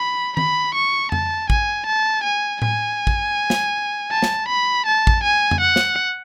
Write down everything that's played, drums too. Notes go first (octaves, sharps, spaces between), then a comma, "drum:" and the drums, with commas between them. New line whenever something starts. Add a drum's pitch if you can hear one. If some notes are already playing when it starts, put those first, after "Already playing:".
Already playing: B5
B5, drum: tom D#3
C#6
A5, drum: tom F2
G#5, drum: kick A1
A5
G#5
G#5, drum: tom A2
drum: kick A1
drum: snare
A5
drum: snare
B5
A5
drum: kick A1
G#5
drum: tom F2
F#5
drum: snare